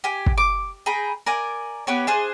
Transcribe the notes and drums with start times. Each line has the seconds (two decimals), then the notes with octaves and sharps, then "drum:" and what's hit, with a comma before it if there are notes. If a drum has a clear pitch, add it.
0.04 G4 G#5
0.26 drum: kick
0.38 D6
0.86 G#4 G5 A#5 B5
1.26 A#4 D5 G#5
1.87 B3 G4 B4 C#5
2.07 D4 G#4 C5